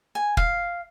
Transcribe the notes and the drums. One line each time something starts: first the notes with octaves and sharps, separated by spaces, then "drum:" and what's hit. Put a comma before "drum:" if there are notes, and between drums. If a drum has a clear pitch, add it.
G#5
F5, drum: kick